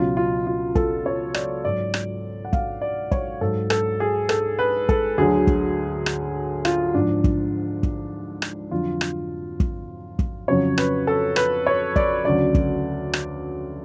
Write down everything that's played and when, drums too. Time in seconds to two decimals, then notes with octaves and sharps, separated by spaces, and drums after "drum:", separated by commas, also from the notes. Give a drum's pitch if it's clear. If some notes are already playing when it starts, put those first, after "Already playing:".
Already playing: C#2 B2 F#3 F4
0.17 F4
0.47 F4
0.75 A4, drum: kick
1.06 C#5
1.34 D5, drum: rim click
1.65 G#2 F#3 D5
1.94 drum: rim click
2.45 F#5
2.53 F5, drum: kick
2.81 D5
3.11 C#5, drum: kick
3.41 G#2 F#3 A4
3.70 A4, drum: rim click
4.00 G#4
4.29 A4, drum: rim click
4.59 B4
4.89 A4, drum: kick
5.18 D2 D3 F#3 G#4
5.47 drum: kick
6.06 drum: rim click
6.65 F4, drum: rim click
6.94 G#2 D4
7.00 F3
7.24 drum: kick
7.83 drum: kick
8.42 drum: rim click
8.71 F2 D3 F#3 F4
9.01 drum: rim click
9.60 drum: kick
10.19 drum: kick
10.48 F2 C#3 F#3 C#5
10.78 B4, drum: rim click
11.07 A4
11.36 B4, drum: rim click
11.67 C#5
11.96 D5, drum: kick
12.25 D2 C#3 F#3 D5
12.55 drum: kick
13.13 drum: rim click